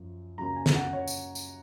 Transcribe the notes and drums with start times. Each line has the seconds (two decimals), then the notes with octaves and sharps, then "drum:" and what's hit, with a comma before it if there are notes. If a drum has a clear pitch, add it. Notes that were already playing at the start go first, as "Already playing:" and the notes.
Already playing: F#2 F3
0.38 F#2 C#3 F#3 A#3 A#5
0.56 G#5
0.66 drum: snare
0.75 F#5
0.93 C#5
1.08 drum: tambourine
1.35 drum: tambourine